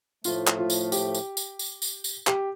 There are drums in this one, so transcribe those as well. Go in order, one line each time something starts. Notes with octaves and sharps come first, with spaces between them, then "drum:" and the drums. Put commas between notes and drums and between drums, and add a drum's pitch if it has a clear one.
A2 F3 A3 F4, drum: tambourine
drum: clap
F4
drum: tambourine
G4, drum: tambourine
drum: tambourine
drum: tambourine
drum: tambourine
drum: tambourine
drum: tambourine
G4, drum: clap